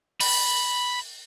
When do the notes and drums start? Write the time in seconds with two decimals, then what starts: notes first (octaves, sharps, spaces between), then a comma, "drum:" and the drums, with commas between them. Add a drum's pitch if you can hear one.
0.20 B5, drum: open hi-hat